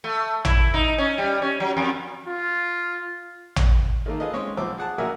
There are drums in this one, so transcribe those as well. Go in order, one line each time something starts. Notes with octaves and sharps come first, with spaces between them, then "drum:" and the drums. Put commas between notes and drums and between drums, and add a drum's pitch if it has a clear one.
A3
E4, drum: tom A1
D#4
C#4
G3
C#4
F#3
F2
F4
drum: tom A1
D#3 A3 A#3
F4 G#4 A4 B4 D#5
G#3 C4 C#4 C#5
B1 F3 C5 D6 E6
G#4 F#5 A5
A#1 A#2 F#4 A#4 E5 G#5